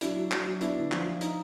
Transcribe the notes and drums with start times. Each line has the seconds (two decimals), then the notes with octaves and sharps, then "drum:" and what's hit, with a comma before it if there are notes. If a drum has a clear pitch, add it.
0.01 F#3 D4 E4, drum: hi-hat
0.17 F#3
0.31 F#3, drum: clap
0.46 F#3
0.61 B3 D4 E4, drum: hi-hat
0.77 D3
0.92 F3, drum: clap
1.06 F3
1.21 D#4, drum: hi-hat